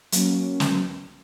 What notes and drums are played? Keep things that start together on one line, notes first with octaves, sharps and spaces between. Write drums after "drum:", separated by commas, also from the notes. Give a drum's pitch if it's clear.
F#3 A#3 C#4, drum: hi-hat
drum: snare